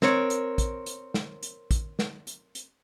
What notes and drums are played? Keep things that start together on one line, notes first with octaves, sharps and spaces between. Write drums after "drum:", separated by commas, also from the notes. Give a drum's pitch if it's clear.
C4 A#4 C#5, drum: snare
drum: hi-hat
drum: kick, hi-hat
drum: hi-hat
drum: snare
drum: hi-hat
drum: kick, hi-hat
drum: snare
drum: hi-hat
drum: hi-hat